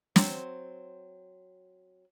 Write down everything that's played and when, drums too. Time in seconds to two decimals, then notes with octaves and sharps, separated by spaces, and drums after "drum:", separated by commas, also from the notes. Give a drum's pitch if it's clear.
0.16 F#3 C4, drum: snare